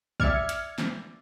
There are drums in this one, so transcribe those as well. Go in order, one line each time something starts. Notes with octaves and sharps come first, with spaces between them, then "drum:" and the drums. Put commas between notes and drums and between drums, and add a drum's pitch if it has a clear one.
D5 E5 F6 G#6 C#7, drum: kick
drum: hi-hat
drum: snare